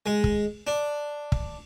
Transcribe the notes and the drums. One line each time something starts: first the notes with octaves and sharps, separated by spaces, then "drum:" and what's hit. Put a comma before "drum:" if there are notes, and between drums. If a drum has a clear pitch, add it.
G#3
drum: kick
D4
drum: kick